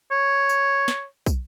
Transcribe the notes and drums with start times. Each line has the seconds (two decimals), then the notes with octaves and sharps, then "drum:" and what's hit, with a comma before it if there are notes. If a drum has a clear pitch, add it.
0.11 C#5
0.49 drum: tambourine
0.88 drum: snare
1.26 drum: kick, tambourine